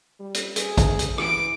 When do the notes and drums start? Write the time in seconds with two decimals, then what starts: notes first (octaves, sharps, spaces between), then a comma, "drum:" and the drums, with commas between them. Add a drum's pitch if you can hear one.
0.20 G3
0.34 drum: hi-hat
0.56 G#4, drum: hi-hat
0.77 drum: kick A1, hi-hat
0.99 drum: hi-hat
1.18 E3 D6 D7, drum: rim click